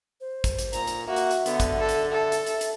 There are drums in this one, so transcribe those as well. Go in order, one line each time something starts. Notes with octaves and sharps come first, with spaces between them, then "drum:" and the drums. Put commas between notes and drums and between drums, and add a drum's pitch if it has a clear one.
C5
drum: kick, hi-hat
drum: hi-hat
A#2 A#5, drum: hi-hat
drum: hi-hat
A#3 F#4 E5
drum: hi-hat
drum: hi-hat
D3 B3, drum: hi-hat
drum: kick, hi-hat
A4
drum: hi-hat
A4
drum: hi-hat
drum: hi-hat
drum: hi-hat